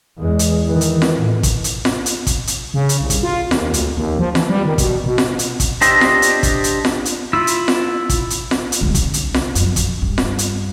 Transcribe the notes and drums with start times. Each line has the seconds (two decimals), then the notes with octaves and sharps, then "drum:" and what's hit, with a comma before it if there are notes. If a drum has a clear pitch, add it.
0.19 E2 G#3
0.39 drum: hi-hat
0.67 D#3 E3
0.81 drum: hi-hat
1.02 drum: snare F4
1.16 A2
1.43 drum: kick, hi-hat
1.64 drum: hi-hat
1.85 drum: snare F4
2.06 drum: hi-hat
2.27 drum: kick, hi-hat
2.47 drum: hi-hat
2.74 C#3
2.89 drum: hi-hat
3.01 C2
3.10 drum: kick, hi-hat
3.23 F4
3.51 D#2, drum: snare F4
3.74 D2, drum: hi-hat
3.97 D#2
4.19 F3
4.35 E3, drum: snare F4
4.50 G3
4.66 D#3
4.78 B2, drum: kick, hi-hat
5.06 B2
5.18 drum: snare F4
5.39 drum: hi-hat
5.60 drum: kick, hi-hat
5.81 D4 G4 C5 D#5 E5, drum: hi-hat
6.01 drum: snare F4
6.22 drum: hi-hat
6.43 drum: kick, hi-hat
6.64 drum: hi-hat
6.85 drum: snare F4
7.05 drum: hi-hat
7.33 E4 F4 E6
7.47 drum: hi-hat
7.68 drum: snare F4
8.09 drum: kick, hi-hat
8.30 drum: hi-hat
8.51 drum: snare F4
8.72 drum: hi-hat
8.81 D2 G3
8.95 C2, drum: kick, hi-hat
9.14 drum: hi-hat
9.34 drum: snare F4
9.55 F#2 F3, drum: hi-hat
9.76 drum: kick, hi-hat
10.02 G2
10.18 drum: snare F4
10.39 drum: hi-hat